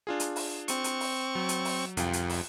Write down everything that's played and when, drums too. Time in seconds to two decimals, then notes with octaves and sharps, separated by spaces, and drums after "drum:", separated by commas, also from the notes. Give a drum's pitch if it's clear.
0.07 D4 F4 G#4
0.20 drum: hi-hat
0.36 drum: open hi-hat
0.68 C4 C#6, drum: hi-hat
0.84 drum: hi-hat
1.00 drum: open hi-hat
1.35 F#3
1.49 drum: hi-hat
1.65 drum: open hi-hat
1.97 C2 F2 F4 G5, drum: hi-hat
2.13 drum: hi-hat
2.29 drum: open hi-hat